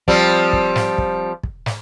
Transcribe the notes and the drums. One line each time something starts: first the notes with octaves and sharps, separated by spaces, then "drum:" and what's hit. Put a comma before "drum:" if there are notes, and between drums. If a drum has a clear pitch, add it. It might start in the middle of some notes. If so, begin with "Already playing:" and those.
F3 G3 C4, drum: kick
drum: kick
drum: snare
drum: kick
drum: kick
drum: snare